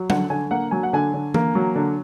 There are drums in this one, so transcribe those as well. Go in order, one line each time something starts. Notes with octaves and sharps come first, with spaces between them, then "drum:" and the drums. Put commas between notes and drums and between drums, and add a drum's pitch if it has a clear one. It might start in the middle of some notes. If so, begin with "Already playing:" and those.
Already playing: F#3
D3 F#5, drum: tom F#3
D3 G#5
A#3 F#5
F#3 G#5
F#5
D3 G#5
D3
A#3, drum: tom E3
F#3
D3